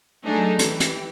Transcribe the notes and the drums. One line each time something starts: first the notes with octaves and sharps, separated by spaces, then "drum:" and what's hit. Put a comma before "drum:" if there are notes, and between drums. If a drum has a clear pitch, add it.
F#3 A3 D4 D#4 G#4
E3 G4, drum: hi-hat
drum: hi-hat